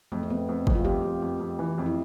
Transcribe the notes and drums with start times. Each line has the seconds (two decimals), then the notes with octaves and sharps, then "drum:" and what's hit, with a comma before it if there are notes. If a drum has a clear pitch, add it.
0.12 F2 A3
0.23 C4
0.30 F2 B3
0.49 F2
0.67 F2, drum: kick
0.75 F4
0.85 F2 G4
1.03 F2
1.22 F2
1.40 F2
1.59 E3
1.78 F2
1.86 E4